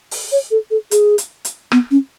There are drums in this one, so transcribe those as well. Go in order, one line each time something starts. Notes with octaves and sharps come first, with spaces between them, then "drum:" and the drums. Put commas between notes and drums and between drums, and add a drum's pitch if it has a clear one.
drum: open hi-hat
C#5
A4
A4
G#4, drum: hi-hat
drum: hi-hat
drum: hi-hat
B3, drum: rim click
C#4